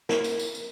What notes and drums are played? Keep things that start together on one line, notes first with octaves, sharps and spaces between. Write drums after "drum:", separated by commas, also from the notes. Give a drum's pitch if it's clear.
A#4, drum: snare
drum: tambourine
drum: tambourine
drum: tambourine